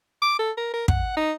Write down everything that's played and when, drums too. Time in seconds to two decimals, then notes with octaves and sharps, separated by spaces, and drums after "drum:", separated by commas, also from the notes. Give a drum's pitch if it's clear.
0.22 D6
0.39 A4
0.57 A#4
0.73 A#4
0.88 F#5, drum: kick
1.17 D#4